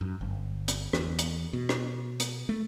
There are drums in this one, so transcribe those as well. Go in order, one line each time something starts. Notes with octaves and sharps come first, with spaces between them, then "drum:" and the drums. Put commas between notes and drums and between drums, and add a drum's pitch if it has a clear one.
F#2
G1
drum: hi-hat
E2, drum: rim click
drum: hi-hat
B2
drum: rim click
drum: hi-hat
A3